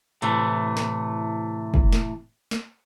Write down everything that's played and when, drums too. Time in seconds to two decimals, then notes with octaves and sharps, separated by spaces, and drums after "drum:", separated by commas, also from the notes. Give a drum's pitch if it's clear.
0.22 A2 C3 E3 A3, drum: hi-hat
0.77 drum: snare
1.74 drum: kick
1.92 drum: snare
2.51 drum: snare